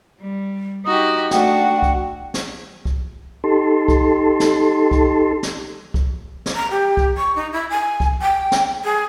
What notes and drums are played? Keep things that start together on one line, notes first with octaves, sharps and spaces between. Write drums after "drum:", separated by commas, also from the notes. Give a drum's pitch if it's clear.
G3
D#4 F#4 G4 D#6
A3 D4 F#4 G5, drum: snare
drum: kick C2
drum: snare
drum: kick C2
D#4 G4 A4 A5 C6
drum: kick C2
drum: snare
drum: kick C2
drum: snare
drum: kick C2
drum: snare
A#5
G4
drum: kick C2
C#6
D#4
E4
G#5
drum: kick C2
G5
drum: snare
G#4